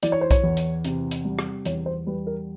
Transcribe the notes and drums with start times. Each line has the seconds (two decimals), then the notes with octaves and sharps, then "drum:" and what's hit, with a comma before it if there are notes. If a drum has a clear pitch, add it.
0.03 E3 D5, drum: hi-hat
0.12 C#5
0.21 C5
0.31 C#5, drum: kick B1, hi-hat
0.43 E2
0.57 drum: hi-hat
0.85 C3, drum: hi-hat
1.11 drum: hi-hat
1.25 G3
1.39 drum: rim click
1.65 E2 C#5, drum: hi-hat
1.86 C5
2.07 G3 B4
2.27 A#4